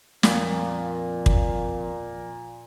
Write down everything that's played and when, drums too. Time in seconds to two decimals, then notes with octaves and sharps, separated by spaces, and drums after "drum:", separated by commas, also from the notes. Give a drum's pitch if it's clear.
0.23 F2 A#2, drum: snare
1.26 drum: kick